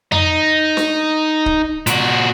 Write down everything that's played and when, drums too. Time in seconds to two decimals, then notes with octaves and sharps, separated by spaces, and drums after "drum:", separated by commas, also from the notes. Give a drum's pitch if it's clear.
0.12 D#4, drum: tom F2
0.77 drum: snare
1.46 drum: kick C#1
1.87 A#2 F#4, drum: hi-hat